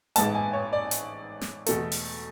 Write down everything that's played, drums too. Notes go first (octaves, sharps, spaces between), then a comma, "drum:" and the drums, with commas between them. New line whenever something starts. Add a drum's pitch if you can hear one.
A1 G#2 G#3 B3 A5, drum: hi-hat
G#5
C#5
D5
drum: hi-hat
drum: snare
E2 B2 A3 A4, drum: hi-hat
drum: open hi-hat